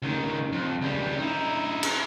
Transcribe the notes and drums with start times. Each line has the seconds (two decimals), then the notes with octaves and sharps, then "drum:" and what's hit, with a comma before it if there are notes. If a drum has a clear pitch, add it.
0.02 C#2 D#3
0.52 F2
0.81 C#2 G3
1.17 D#4 E4
1.83 drum: cymbal